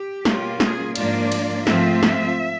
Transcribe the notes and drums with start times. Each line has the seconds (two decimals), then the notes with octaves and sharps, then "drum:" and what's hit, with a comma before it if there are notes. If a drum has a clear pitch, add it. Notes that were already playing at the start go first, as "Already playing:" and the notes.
Already playing: G4
0.25 B2 G3 A#3 C#4 F4, drum: snare
0.60 G#4, drum: snare
0.96 G#2 F3 A#3 D4 F4 D5, drum: cymbal
1.32 drum: cymbal
1.67 G#2 F3 A3 C4 F4 E5, drum: snare
2.03 drum: snare